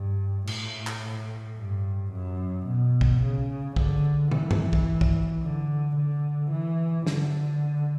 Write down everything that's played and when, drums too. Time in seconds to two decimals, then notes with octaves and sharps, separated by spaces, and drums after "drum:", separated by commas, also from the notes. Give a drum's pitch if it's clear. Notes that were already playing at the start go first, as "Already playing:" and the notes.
Already playing: G2
0.47 A2, drum: cymbal
0.87 drum: clap
1.57 G2
2.12 F#2
2.67 B2
3.01 drum: kick
3.22 C#3
3.76 D3, drum: kick
4.31 E3, drum: tom
4.51 drum: tom F#2
4.73 drum: kick
5.01 drum: kick
5.41 D3
5.96 D3
6.51 E3
7.07 D3, drum: snare